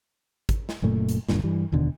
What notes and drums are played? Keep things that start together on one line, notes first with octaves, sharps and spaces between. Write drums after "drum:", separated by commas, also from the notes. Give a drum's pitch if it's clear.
drum: kick, hi-hat
drum: snare
F#1 F#2 A#2 A3
drum: hi-hat
F#1 D2 G2 A#2, drum: snare
G2 E3 G3
F1 D#2 B2 D3